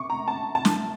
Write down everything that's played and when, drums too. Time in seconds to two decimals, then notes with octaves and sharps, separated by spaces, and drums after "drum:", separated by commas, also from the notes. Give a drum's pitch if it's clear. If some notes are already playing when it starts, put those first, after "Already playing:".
Already playing: C#6 D6
0.10 A#5
0.28 A5
0.55 A5
0.65 drum: snare